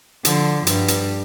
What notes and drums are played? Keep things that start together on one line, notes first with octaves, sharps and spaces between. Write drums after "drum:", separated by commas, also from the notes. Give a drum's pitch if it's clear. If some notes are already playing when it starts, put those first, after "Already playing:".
D3 F3, drum: hi-hat
G2, drum: hi-hat
drum: hi-hat